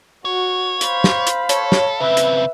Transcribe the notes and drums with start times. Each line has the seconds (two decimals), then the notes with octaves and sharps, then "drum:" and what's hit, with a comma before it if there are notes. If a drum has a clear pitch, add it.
0.25 F#4 C#5
0.81 C5 F5 B5, drum: hi-hat
1.04 drum: snare
1.27 drum: hi-hat
1.49 A4 C#5, drum: hi-hat
1.72 drum: snare
2.00 C#3 C4 B4 E5
2.17 drum: hi-hat